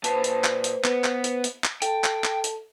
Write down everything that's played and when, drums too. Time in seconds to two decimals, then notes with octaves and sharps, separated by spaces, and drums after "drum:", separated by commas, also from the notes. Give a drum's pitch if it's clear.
0.04 A#2 B4 C5 A5, drum: hi-hat
0.24 drum: hi-hat
0.44 drum: clap
0.64 drum: hi-hat
0.84 B3, drum: clap
1.04 drum: clap
1.24 drum: hi-hat
1.44 drum: hi-hat
1.64 drum: clap
1.82 A4 G5 A5, drum: hi-hat
2.04 drum: clap
2.24 drum: clap
2.44 drum: hi-hat